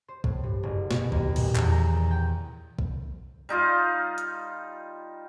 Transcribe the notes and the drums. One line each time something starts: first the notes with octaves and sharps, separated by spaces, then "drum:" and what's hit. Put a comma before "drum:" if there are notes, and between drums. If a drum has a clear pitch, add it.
C5
A2, drum: kick A#1
G2
F#1
B2, drum: snare
D#2, drum: kick A#1
A#2, drum: cymbal
E2, drum: clap
A#5
G5
drum: kick A#1
G3 D#4 F4 F5
drum: hi-hat